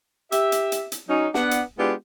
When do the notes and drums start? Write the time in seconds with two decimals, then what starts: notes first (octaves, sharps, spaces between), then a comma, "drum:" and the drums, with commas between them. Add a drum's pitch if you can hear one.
0.32 G4 E5, drum: hi-hat
0.52 drum: hi-hat
0.72 drum: hi-hat
0.92 drum: hi-hat
1.08 F#3 C#4 D#4
1.34 B3 D4 F#5, drum: snare
1.51 drum: hi-hat
1.79 G#3 B3 D4 E4 F4 G4